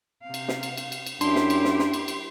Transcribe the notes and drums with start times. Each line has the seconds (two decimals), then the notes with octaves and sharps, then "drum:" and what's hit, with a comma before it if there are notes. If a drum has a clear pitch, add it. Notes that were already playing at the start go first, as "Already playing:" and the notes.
0.23 C3 F5
0.34 drum: cymbal
0.48 drum: snare
0.63 drum: cymbal
0.77 drum: cymbal
0.92 drum: cymbal
1.06 drum: cymbal
1.21 F#2 D4 E4 G4 C6, drum: cymbal
1.35 drum: snare
1.50 drum: cymbal
1.64 drum: snare
1.79 drum: snare
1.93 drum: cymbal
2.08 drum: cymbal